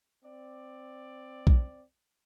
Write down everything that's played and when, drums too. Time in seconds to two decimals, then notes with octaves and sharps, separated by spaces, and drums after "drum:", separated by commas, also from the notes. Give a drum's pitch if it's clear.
0.23 C4 D5
1.47 drum: kick A#1